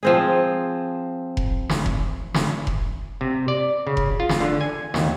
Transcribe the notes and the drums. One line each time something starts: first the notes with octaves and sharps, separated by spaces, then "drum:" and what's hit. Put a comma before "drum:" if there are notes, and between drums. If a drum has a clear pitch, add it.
F3 C4 G#4
drum: kick F1
drum: snare
drum: kick F1
drum: snare
drum: kick F1
C3
D5
C#3
drum: kick F1
F4
drum: snare
D3
G#5
D#2, drum: snare